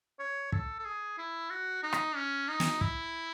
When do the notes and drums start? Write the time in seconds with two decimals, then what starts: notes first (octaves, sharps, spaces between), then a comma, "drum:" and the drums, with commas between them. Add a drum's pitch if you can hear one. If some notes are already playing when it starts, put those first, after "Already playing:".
0.20 C#5
0.52 A4, drum: kick
0.79 A4
0.85 G#4
1.18 E4
1.50 F#4
1.83 D#4
1.93 drum: rim click
2.16 C#4
2.48 D#4
2.60 drum: snare
2.81 E4, drum: kick